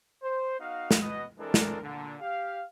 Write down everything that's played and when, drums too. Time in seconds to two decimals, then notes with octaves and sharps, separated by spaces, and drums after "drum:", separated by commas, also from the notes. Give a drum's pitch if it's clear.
0.23 C5
0.59 B3 D#4 F#4 F5
0.91 drum: snare
1.00 B2 B3 D#5
1.39 E3 G#3 C4 D4 A4 A#4
1.54 drum: snare
1.82 A#2 D3
2.21 G4 F5